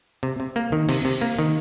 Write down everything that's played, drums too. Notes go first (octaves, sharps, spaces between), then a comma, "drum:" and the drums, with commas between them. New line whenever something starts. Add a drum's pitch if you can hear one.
C3
C3
A#3
D#3
C3, drum: cymbal
C3
A#3
D#3